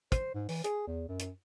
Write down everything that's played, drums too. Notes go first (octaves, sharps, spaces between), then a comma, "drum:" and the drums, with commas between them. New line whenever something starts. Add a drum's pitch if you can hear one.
C5, drum: kick, hi-hat
G#2
E3, drum: open hi-hat
G#4, drum: hi-hat
E2
F#2
drum: hi-hat